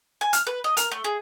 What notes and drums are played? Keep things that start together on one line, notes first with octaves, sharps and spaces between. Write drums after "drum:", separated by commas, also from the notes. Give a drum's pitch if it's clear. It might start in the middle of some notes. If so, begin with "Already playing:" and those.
G#5
F6, drum: hi-hat
B4
D#5
A#4, drum: hi-hat
A3
G#4